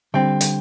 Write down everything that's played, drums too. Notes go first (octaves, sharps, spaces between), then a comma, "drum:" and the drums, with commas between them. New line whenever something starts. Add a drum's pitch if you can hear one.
D3 G3 C4 G5
drum: hi-hat